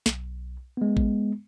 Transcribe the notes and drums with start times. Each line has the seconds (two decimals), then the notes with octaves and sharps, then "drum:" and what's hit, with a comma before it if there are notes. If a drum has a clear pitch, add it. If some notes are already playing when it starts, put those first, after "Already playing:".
0.06 B1, drum: snare
0.77 G#3 B3
0.97 drum: kick A1